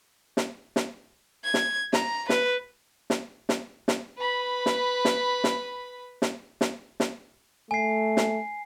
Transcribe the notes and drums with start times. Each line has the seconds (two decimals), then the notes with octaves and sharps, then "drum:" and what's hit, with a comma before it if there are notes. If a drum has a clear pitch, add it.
0.37 drum: snare
0.76 drum: snare
1.44 G#6
1.54 drum: snare
1.93 A#5, drum: snare
2.29 B4, drum: snare
3.10 drum: snare
3.49 drum: snare
3.88 drum: snare
4.17 B4 B5
4.66 drum: snare
5.05 drum: snare
5.44 drum: snare
6.22 drum: snare
6.61 drum: snare
7.00 drum: snare
7.71 A3 G#5 C7
8.17 drum: snare